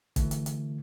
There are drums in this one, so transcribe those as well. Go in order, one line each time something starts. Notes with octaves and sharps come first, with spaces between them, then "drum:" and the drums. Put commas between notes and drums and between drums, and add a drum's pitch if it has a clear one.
D3 E3 A3, drum: kick, hi-hat
drum: hi-hat
drum: hi-hat